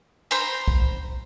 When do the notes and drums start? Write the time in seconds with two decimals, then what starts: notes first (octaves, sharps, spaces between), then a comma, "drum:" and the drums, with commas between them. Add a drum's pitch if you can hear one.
0.31 C5 A#5 B5
0.68 drum: kick